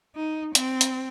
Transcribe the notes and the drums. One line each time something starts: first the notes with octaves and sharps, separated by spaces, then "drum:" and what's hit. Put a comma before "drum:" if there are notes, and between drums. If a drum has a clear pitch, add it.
D#4
C4, drum: hi-hat
drum: hi-hat